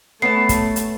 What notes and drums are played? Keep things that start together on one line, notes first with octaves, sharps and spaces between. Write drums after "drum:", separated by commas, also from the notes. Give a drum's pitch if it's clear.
A3 B3 C#4 B4 A5 B5 C7
drum: kick, hi-hat
drum: hi-hat